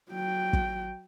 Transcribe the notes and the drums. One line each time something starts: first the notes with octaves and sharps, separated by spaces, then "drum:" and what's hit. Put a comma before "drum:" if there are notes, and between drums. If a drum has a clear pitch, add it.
F#3 G5
drum: kick